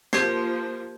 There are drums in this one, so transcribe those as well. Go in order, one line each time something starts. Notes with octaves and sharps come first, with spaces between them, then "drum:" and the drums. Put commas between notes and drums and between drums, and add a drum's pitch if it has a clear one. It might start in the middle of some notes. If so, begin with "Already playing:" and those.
F3 A#3 G4 C5 G6 G#6 C7, drum: snare